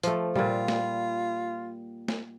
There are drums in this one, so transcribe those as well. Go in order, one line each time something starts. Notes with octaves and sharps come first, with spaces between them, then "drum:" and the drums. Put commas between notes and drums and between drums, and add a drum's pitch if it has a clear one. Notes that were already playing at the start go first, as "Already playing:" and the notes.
F3 A3, drum: hi-hat
A#2 G3 F4, drum: tom C3
drum: snare
drum: snare